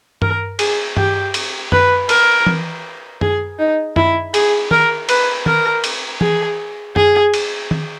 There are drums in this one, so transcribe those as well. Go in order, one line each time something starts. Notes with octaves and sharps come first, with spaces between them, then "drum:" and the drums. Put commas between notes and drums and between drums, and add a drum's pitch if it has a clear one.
A#4, drum: tom G2
G#4, drum: cymbal
G4, drum: tom G2
drum: cymbal
B4, drum: tom F#2
A#4, drum: cymbal
drum: tom E3
G#4, drum: tom F#2
D#4
E4, drum: tom F#2
G#4, drum: cymbal
A#4, drum: tom D#3
B4, drum: cymbal
A#4, drum: tom D#3
drum: cymbal
G#4, drum: tom E3
G#4, drum: tom F#2
drum: cymbal
drum: tom D#3